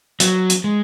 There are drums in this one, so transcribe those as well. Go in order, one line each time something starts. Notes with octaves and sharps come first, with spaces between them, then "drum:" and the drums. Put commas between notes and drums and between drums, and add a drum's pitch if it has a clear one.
F#3, drum: hi-hat
drum: hi-hat
G#3